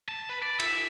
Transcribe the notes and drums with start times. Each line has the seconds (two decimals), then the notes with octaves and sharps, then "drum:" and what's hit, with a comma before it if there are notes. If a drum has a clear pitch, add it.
0.08 A5
0.29 B4
0.42 D5
0.60 E5, drum: cymbal